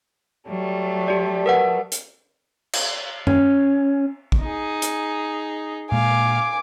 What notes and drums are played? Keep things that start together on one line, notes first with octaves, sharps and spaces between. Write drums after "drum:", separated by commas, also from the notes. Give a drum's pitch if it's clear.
F#3 G3 A3
G4 D5
A#4 B4 F#5
drum: hi-hat
drum: cymbal
C#4, drum: tom F#2
drum: kick
D#4 G#4
drum: hi-hat
A#2 G#3 F5 G#5 D6